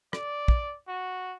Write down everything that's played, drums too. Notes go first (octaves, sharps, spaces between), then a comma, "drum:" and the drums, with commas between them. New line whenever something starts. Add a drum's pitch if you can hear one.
D5, drum: rim click
drum: kick
F#4